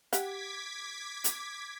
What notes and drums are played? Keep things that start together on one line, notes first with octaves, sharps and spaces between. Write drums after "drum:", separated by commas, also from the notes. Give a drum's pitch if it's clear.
G4 F#5 D6 G#6 B6, drum: hi-hat
drum: hi-hat